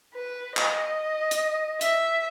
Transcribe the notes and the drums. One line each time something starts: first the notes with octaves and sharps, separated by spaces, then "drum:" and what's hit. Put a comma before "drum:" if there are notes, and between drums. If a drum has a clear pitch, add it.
B4
D#5, drum: clap
drum: hi-hat
E5, drum: hi-hat